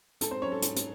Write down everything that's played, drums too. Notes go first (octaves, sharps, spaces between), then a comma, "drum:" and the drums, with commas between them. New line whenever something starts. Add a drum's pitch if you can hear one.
G#2 A4, drum: hi-hat
C4 C5
F#3 C4 C#4 C#5
A4
G#2, drum: hi-hat
drum: hi-hat